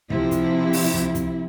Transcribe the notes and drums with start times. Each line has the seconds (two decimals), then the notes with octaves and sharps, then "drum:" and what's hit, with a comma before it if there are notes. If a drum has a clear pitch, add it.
0.10 C3 F3 E4, drum: kick
0.31 drum: kick, hi-hat
0.73 drum: open hi-hat
0.94 drum: kick
1.15 drum: kick, hi-hat